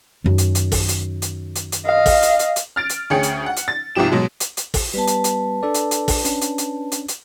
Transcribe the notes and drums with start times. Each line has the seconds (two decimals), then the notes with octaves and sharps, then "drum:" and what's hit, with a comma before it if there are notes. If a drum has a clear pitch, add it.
0.24 F#2 D#3
0.38 drum: hi-hat
0.55 drum: hi-hat
0.72 drum: kick, open hi-hat
0.88 drum: hi-hat
1.22 drum: hi-hat
1.55 drum: hi-hat
1.72 drum: hi-hat
1.86 D#5 F5
2.06 drum: kick, open hi-hat
2.22 drum: hi-hat
2.39 drum: hi-hat
2.56 drum: hi-hat
2.76 F6 A6 D7
2.89 drum: hi-hat
3.10 D2 C#4 G#4 G5 C#7
3.23 drum: hi-hat
3.46 F#5
3.56 drum: hi-hat
3.68 A6
3.95 C2 G#2 F3 G4 E7
4.12 B2 F#3 G#3
4.40 drum: hi-hat
4.57 drum: hi-hat
4.74 drum: kick, open hi-hat
4.94 G3 B3 B4 A5
5.07 drum: hi-hat
5.24 drum: hi-hat
5.63 D4 A4 D5
5.74 drum: hi-hat
5.91 drum: hi-hat
6.08 drum: kick, open hi-hat
6.25 C#4 D4, drum: hi-hat
6.41 drum: hi-hat
6.58 drum: hi-hat
6.92 drum: hi-hat
7.08 drum: hi-hat